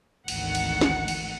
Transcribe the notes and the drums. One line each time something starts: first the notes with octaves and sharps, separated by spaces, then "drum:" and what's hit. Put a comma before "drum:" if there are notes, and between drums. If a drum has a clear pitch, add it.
G#1 D2 D#3 E3 F#5 C#7, drum: cymbal
drum: cymbal
drum: snare
drum: cymbal